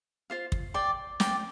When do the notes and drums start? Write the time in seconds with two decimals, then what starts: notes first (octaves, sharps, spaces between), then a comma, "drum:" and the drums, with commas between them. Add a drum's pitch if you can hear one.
0.30 F4 C5 F5
0.52 drum: kick
0.74 D5 G5 C6
1.20 D5 G5 C6, drum: snare